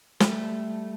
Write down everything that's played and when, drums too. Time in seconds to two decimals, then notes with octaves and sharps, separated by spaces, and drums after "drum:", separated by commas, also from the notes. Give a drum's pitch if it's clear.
0.20 G3 A3, drum: snare